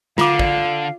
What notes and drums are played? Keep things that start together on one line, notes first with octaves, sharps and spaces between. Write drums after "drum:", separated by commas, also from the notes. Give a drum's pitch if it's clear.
D3 F4 F5 D6, drum: snare
D5, drum: kick